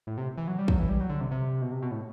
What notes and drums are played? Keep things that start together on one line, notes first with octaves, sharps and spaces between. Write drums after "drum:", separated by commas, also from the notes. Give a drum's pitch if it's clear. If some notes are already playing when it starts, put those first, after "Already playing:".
A2
C3
E3
F#3
G3
F#3, drum: kick
E3
G3
F#3
D3
C3
C3
B2
C3
B2
A2